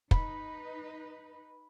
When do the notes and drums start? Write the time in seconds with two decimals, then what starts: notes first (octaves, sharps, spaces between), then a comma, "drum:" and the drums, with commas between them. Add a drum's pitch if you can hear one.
0.11 D#4 B4 B5, drum: kick